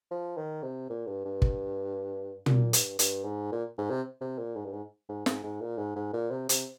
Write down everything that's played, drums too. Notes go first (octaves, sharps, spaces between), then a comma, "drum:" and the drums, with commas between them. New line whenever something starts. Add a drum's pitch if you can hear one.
F3
D#3
C3
A#2
G2
G2
drum: kick
A#2, drum: tom
G2, drum: hi-hat
G2, drum: hi-hat
G#2
A#2
G#2
C3
C3
A#2
G#2
G2
G#2
G#2
G#2, drum: snare
G#2
A#2
G#2
G#2
A#2
C3
C3, drum: hi-hat